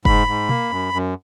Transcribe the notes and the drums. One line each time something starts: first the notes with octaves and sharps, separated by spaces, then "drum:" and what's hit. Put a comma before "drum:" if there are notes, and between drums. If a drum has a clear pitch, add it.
G#2 B5, drum: kick F1
G#2
A#3, drum: tom B2
F#2
F#2